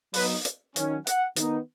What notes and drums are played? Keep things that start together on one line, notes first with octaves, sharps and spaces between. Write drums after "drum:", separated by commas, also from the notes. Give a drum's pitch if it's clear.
F#3 B3 D#4 B4, drum: open hi-hat
drum: hi-hat
D#3 F#3 C#4, drum: hi-hat
F#5, drum: hi-hat
D#3 B3 D#4, drum: hi-hat